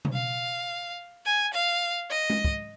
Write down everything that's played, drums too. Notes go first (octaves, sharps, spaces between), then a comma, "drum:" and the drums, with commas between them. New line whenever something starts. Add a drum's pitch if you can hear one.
drum: tom B2
F5
G#5
F5
D#5
drum: tom G#3
drum: kick